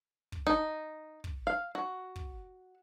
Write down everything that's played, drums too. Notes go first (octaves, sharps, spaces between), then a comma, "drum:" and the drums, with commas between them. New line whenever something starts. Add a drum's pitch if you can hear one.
drum: kick
D#4
drum: kick
F5
F#4
drum: kick